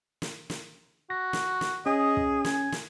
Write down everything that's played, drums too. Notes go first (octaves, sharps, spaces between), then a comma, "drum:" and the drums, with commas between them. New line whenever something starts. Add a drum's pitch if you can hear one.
drum: snare
drum: snare
F#4 A#6
drum: snare
drum: snare
C#4 G#4 D#5
drum: kick
G#5, drum: snare
drum: snare